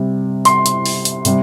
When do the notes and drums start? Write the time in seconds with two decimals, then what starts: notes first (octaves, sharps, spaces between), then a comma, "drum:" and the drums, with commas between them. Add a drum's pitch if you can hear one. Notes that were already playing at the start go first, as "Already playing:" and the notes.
Already playing: C3 G3
0.45 C6, drum: hi-hat
0.66 drum: hi-hat
0.86 drum: open hi-hat
1.05 drum: hi-hat
1.25 C3 G3, drum: hi-hat